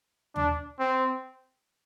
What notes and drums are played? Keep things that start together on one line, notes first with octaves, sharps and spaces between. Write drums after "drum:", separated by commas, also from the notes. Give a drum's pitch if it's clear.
D4, drum: tom D#2
C4